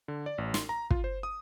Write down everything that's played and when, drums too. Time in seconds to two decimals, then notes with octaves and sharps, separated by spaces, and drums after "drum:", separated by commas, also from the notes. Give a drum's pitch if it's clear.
0.08 D3
0.26 D5
0.38 A1
0.54 C6, drum: snare
0.69 A#5
0.90 F4, drum: kick
1.04 C5
1.23 D#6